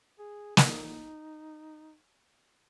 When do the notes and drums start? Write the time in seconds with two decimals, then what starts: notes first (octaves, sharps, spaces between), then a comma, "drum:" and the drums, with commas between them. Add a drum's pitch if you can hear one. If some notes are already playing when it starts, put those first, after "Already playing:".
0.19 G#4
0.57 D#4, drum: snare